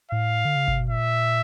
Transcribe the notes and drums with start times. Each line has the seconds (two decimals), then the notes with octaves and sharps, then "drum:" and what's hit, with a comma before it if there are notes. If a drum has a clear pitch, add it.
0.11 A2 F5
0.45 D3
0.56 C#3
0.68 C3, drum: kick G1
0.79 B2
0.89 A#2 E5